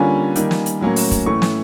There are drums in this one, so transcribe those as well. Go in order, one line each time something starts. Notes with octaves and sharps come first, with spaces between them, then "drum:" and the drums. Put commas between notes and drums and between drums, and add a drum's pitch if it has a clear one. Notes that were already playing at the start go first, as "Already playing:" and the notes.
Already playing: D3 G3 A#3 C#4 F4 G#5
D#3 G3 A#3, drum: hi-hat
drum: snare
drum: hi-hat
A2 F#3 A#3 C#4
drum: open hi-hat
drum: kick, hi-hat
A2 E3 A3 C#4 C#6
drum: snare